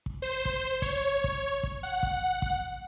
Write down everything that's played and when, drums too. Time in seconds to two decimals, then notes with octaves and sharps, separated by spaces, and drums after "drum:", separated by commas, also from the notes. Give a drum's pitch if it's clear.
0.06 drum: kick
0.22 C5
0.45 drum: kick
0.82 C#5, drum: kick
1.24 drum: kick
1.63 drum: kick
1.83 F#5
2.03 drum: kick
2.42 drum: kick